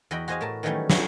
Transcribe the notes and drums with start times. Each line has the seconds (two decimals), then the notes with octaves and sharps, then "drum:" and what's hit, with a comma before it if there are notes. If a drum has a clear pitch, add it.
0.11 E2 F#4 D#5 G5 B5
0.28 F#4 G#4 C5 D#5 F5 G#5
0.41 A2 A#4 B4 A5
0.63 D#3 E3 F#3 G3 A3 C#4
0.90 F#3 G3 A3 C#4, drum: snare